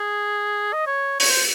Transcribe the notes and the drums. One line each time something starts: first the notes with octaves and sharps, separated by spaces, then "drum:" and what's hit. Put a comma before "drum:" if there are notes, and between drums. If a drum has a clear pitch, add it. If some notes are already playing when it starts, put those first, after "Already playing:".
Already playing: G#4
D#5
C#5
C#5, drum: open hi-hat
C5